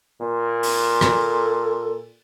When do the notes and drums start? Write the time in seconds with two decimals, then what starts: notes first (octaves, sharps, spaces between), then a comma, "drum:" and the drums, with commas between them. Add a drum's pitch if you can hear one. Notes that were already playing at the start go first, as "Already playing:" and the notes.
0.21 A#2
0.63 drum: open hi-hat
1.01 A4, drum: rim click